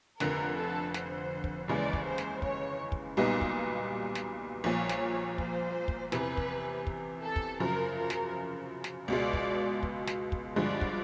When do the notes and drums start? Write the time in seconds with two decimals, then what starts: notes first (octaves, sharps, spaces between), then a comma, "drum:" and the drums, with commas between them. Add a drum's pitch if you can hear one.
0.20 F1 F2 D3 A#4, drum: snare
0.57 A4
0.94 C5, drum: snare
1.44 drum: kick
1.68 D#2 C#3 E3 G#3 C#4 D5
1.93 drum: kick
2.06 C5
2.18 drum: snare
2.42 C#5, drum: kick
2.92 drum: kick
3.17 B1 A#2 G3 B3 D#4
3.41 drum: kick
4.15 drum: snare
4.64 A#1 A#2 F3 C#5
4.89 drum: snare
5.38 C5, drum: kick
5.88 drum: kick
6.12 E2 C3 E3 B4, drum: snare
6.37 drum: kick
6.87 drum: kick
7.24 A4
7.36 drum: kick
7.60 F#2 C#3 F3 A#4
7.98 A#4
8.10 drum: snare
8.84 drum: snare
9.08 C#2 B2 G#3 D5
9.33 drum: kick
9.83 drum: kick
10.07 drum: snare
10.32 drum: kick
10.56 G2 D3 F3 G#3 D5
10.81 drum: kick